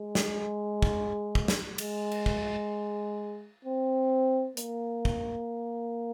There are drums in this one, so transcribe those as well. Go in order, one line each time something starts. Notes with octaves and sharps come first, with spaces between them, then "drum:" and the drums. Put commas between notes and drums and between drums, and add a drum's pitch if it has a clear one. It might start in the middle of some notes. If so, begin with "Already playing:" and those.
Already playing: G#3
drum: snare
drum: kick
drum: kick
drum: snare
G#3, drum: cymbal
drum: cymbal
drum: kick
C4
A#3, drum: hi-hat
drum: kick